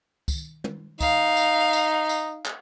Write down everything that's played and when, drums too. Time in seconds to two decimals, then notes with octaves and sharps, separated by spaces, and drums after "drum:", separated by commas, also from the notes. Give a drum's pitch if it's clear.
0.28 drum: kick, tambourine
0.64 drum: tom
1.01 D#4 F5, drum: kick, tambourine
1.37 drum: tambourine
1.73 drum: tambourine
2.09 drum: tambourine
2.46 drum: clap